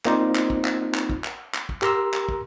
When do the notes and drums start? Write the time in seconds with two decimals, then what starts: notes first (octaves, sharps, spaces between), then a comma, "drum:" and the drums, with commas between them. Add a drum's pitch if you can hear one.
0.05 A#3 C4 D#4 F4 C5 D5, drum: clap
0.35 drum: clap
0.50 drum: kick
0.65 drum: clap
0.95 drum: clap
1.10 drum: kick
1.24 drum: clap
1.54 drum: clap
1.69 drum: kick
1.82 G4 A#4 A#5 C6 E6, drum: clap
2.14 drum: clap
2.29 drum: kick